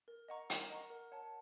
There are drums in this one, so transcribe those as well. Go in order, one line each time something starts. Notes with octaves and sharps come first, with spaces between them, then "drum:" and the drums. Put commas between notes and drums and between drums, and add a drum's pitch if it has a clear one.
A#4
D#5 F#5 A#5 C#6
A#4, drum: hi-hat
D#5 F#5 A#5 C#6
A#4
C#5 F#5 A5